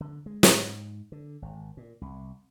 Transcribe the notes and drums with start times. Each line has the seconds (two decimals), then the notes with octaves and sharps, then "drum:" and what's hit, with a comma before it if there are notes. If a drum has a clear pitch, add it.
0.01 D3
0.26 G#3
0.43 G#2, drum: snare
1.12 D3
1.42 G#1
1.77 A#2
2.01 C2